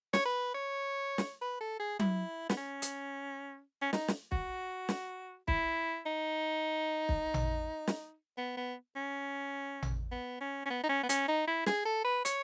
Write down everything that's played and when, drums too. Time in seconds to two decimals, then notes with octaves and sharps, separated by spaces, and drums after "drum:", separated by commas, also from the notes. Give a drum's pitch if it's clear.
0.13 C#5, drum: snare
0.26 B4
0.54 C#5
1.18 drum: snare
1.42 B4
1.61 A4
1.80 G#4
2.00 E4, drum: tom F#3
2.50 B3, drum: snare
2.57 C#4
2.82 drum: hi-hat
3.82 C#4
3.93 D#4, drum: snare
4.08 drum: snare
4.32 F#4, drum: kick
4.89 drum: snare
5.48 E4, drum: kick
6.06 D#4
7.09 drum: kick
7.34 drum: tom A1
7.87 drum: snare
8.38 B3
8.57 B3
8.96 C#4
9.82 drum: tom A1
10.12 B3
10.41 C#4
10.66 C#4
10.70 B3
10.84 D#4
10.89 C#4
11.03 B3
11.09 C#4, drum: hi-hat
11.28 D#4
11.48 E4
11.66 G#4, drum: snare
11.85 A4
12.05 B4
12.25 C#5, drum: hi-hat